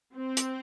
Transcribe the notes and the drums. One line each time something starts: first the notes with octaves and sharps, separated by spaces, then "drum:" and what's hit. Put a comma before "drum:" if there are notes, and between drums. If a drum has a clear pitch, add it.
C4
drum: hi-hat